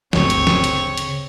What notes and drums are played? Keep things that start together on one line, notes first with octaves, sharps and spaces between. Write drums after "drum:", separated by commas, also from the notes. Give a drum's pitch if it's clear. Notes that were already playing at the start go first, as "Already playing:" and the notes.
G1 D2 C#3 C4 C#5, drum: snare
drum: hi-hat
drum: snare
drum: hi-hat
drum: hi-hat